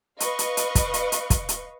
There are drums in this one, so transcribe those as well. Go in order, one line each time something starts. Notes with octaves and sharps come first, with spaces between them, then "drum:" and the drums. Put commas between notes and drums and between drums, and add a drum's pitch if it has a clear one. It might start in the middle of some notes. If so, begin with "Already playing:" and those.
B4 D#5 F5 C#6, drum: hi-hat
drum: hi-hat
drum: hi-hat
drum: kick, hi-hat
drum: hi-hat
drum: hi-hat
drum: kick, hi-hat
drum: hi-hat